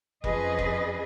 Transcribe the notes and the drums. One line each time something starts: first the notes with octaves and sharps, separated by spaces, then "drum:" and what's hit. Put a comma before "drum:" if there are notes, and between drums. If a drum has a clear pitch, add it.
F2 F3 C#4 G#4 B4 D#5, drum: kick F1
drum: kick F1